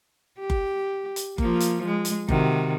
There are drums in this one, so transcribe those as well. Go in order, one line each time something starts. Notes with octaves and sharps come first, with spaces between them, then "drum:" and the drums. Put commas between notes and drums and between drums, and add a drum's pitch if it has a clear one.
G4
drum: kick F#1
drum: hi-hat
F3 A#3, drum: kick F#1
drum: hi-hat
G#3
drum: hi-hat
C3 D#3 F#4, drum: kick F#1